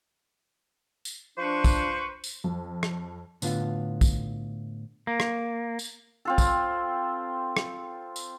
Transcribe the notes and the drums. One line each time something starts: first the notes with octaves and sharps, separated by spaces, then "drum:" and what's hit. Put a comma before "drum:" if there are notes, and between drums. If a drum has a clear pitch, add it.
drum: tambourine
F3 D4 B4 C5 C#6
drum: kick, tambourine
drum: tambourine
F2
drum: rim click
A2 D3 B3 F4, drum: tambourine
drum: kick, tambourine
A#3
drum: rim click
drum: tambourine
C4 F4 A4
drum: kick, tambourine
drum: rim click
drum: tambourine